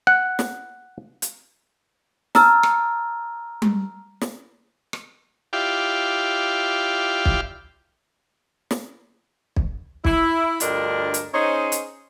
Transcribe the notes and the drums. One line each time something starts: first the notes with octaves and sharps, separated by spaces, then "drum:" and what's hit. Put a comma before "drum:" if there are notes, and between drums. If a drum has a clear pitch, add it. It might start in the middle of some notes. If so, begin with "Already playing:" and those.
F#5
drum: snare
drum: hi-hat
A5 A#5 E6 F6 A6, drum: snare
drum: rim click
drum: tom G3
drum: snare
drum: rim click
E4 F4 G4 D5 F5 G5
drum: kick B1
drum: snare
drum: kick B1
E4, drum: kick B1
D2 G2 D4 F4 A#4 D#5, drum: hi-hat
drum: hi-hat
C#4 D#4 G#4 C5 C#5 D#5
drum: hi-hat